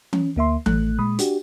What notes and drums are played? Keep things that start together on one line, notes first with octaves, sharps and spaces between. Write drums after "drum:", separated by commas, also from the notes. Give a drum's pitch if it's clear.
C#4, drum: tom E3
D2 A#3 E5 C6
A1 A3 F#6, drum: tom E3
A#2 G#3 B5 D#6
D4 F#4 G4, drum: hi-hat